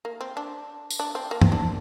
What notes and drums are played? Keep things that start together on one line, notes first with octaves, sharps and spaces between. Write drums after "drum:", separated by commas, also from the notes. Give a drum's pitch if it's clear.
A#3
C4
D4
drum: tambourine
D4
C4
A#3
C4, drum: tom
D4